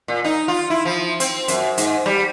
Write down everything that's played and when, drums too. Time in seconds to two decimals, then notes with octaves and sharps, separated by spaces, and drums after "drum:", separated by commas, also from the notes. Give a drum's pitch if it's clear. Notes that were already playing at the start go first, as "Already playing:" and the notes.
0.08 A#2
0.24 D#4
0.48 F4
0.70 E4
0.85 F3
1.20 C4, drum: hi-hat
1.48 F#2, drum: hi-hat
1.78 G#2, drum: hi-hat
2.06 G3, drum: rim click